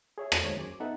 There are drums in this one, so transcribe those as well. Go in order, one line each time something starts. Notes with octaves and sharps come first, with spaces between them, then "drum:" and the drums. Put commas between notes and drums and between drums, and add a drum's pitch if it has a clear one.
G#4 C#5 E5
drum: rim click
D#2 G#3 A#3 C5 C#5
F#2 G#4 G#5 D6
B3 D#4 A4 E5 F#5